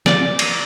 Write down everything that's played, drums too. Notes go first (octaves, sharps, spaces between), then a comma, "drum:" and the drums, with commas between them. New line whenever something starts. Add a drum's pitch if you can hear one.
D5, drum: snare
drum: cymbal